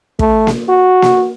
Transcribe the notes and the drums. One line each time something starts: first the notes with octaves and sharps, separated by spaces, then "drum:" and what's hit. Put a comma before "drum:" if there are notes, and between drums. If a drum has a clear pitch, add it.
A3, drum: kick
drum: snare A#3
F#4
drum: snare A#3